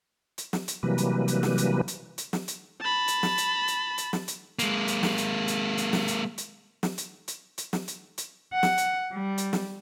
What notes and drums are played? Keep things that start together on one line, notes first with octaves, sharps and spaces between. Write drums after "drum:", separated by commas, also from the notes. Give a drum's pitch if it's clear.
drum: hi-hat
drum: snare
drum: hi-hat
C3 E3 F#3 G3 A#3 B4
drum: hi-hat
drum: hi-hat
drum: snare
drum: hi-hat
drum: hi-hat
drum: hi-hat
drum: snare
drum: hi-hat
A5 B5
drum: hi-hat
drum: snare
drum: hi-hat
drum: hi-hat
drum: hi-hat
drum: snare
drum: hi-hat
G#3 A#3, drum: hi-hat
drum: hi-hat
drum: snare
drum: hi-hat
drum: hi-hat
drum: hi-hat
drum: snare
drum: hi-hat
drum: hi-hat
drum: snare
drum: hi-hat
drum: hi-hat
drum: hi-hat
drum: snare
drum: hi-hat
drum: hi-hat
F#5
drum: snare
drum: hi-hat
G3
drum: hi-hat
drum: snare